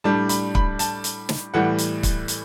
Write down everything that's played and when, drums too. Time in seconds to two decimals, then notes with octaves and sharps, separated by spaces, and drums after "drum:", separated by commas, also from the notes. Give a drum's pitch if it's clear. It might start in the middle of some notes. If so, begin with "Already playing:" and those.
0.04 A2 G3 D4 A5
0.29 B5, drum: hi-hat
0.55 B5, drum: kick
0.79 A5, drum: hi-hat
1.04 drum: hi-hat
1.29 drum: snare
1.54 A2 E3 G3 F#5
1.78 drum: hi-hat
2.03 drum: kick, hi-hat
2.28 drum: hi-hat